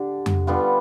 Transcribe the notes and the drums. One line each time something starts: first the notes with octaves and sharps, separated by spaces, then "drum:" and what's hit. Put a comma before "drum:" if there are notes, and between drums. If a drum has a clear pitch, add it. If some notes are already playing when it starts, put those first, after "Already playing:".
Already playing: D3 D4 G4
drum: tom F2
D3 G3 B3 F4